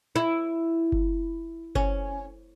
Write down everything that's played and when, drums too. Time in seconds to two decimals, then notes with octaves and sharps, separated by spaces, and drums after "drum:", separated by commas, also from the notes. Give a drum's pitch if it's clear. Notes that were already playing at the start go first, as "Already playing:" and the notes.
0.16 E4
0.92 drum: kick F#1
1.75 C#4, drum: kick F#1